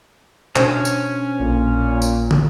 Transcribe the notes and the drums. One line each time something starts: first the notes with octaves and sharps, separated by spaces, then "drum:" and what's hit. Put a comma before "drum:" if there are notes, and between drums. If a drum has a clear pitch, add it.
B2 C#4 D4 C5, drum: clap
drum: tambourine
A#1 A#2
drum: tambourine
drum: tom